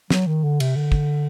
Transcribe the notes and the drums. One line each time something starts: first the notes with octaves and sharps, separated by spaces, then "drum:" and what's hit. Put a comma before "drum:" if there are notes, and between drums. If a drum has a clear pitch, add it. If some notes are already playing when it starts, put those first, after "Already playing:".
F#3, drum: snare
D#3
D3
C3, drum: cymbal
D3
drum: kick